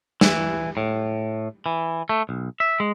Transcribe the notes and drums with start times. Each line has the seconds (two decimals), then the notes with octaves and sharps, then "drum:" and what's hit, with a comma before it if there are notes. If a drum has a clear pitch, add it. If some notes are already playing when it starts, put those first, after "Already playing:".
0.21 E3, drum: snare
0.77 A2
1.66 E3
2.09 A3
2.29 B1
2.60 E5
2.80 G#3